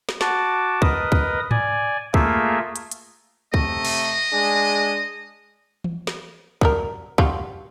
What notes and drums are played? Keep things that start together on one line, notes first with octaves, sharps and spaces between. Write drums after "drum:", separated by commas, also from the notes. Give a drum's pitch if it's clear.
drum: snare
F#4 A5 D6, drum: snare
A#4 B4 D#5 D#6, drum: kick
drum: kick
D5 G#5, drum: tom G#2
A3 A#3 F4 G#4 A#4 E5, drum: kick
drum: hi-hat
drum: hi-hat
C3 A3 D#5, drum: kick
drum: cymbal
G#3 D4 G#4
drum: tom E3
drum: snare
F#3 G3 A#4, drum: kick
G3 F4 F#4, drum: kick